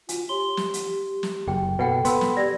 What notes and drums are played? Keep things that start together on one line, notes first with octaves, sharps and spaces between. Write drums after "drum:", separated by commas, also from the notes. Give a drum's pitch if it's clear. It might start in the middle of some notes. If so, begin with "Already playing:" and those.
F4 F#4 G#5, drum: hi-hat
G4 C#5 C6 G7
drum: snare
drum: hi-hat
drum: snare
F#1 G#4 G5
B2 A4 B4 F#5 G5
B3 G5 B5 C6 E6, drum: hi-hat
drum: snare
G4 D5 G#6 A#6